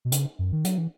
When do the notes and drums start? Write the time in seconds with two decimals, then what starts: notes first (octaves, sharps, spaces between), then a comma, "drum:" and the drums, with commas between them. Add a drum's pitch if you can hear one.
0.05 B2
0.12 C#3, drum: hi-hat
0.39 F#2
0.52 D#3
0.65 F#3, drum: hi-hat
0.78 E3